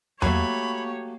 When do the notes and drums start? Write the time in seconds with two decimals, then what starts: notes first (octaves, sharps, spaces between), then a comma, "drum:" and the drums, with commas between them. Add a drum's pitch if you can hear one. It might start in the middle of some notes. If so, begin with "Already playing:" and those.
0.22 F#3 A3 A#3 G4 C#5 B5, drum: tom E2